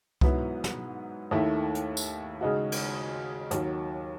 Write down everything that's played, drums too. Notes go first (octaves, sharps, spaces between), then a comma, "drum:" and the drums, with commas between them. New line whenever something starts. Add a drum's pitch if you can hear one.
G#2 F#3 B3 E4, drum: kick C2
drum: snare
D#2 D#3 A3 E4
drum: hi-hat
drum: tambourine
C#3 G#3 D#4 F#4
drum: cymbal
D#2 D#3 F#3, drum: hi-hat